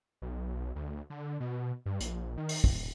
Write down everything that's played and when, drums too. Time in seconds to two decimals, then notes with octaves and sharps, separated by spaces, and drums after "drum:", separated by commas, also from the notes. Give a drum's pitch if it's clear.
0.22 B1
0.76 D2
1.10 D3
1.40 B2
1.86 G2
2.00 A#1, drum: hi-hat
2.38 D#3
2.49 drum: open hi-hat
2.64 D#1, drum: kick